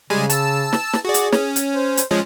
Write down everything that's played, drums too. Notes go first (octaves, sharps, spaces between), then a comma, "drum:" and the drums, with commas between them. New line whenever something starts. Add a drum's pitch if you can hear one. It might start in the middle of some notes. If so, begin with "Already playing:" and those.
C#3 G3 G#3 G#5
A5 E6, drum: hi-hat
drum: snare
drum: snare
F#4 G#4 D5
drum: hi-hat
C#4, drum: snare
drum: hi-hat
C5
drum: hi-hat
F3 G#3 C#4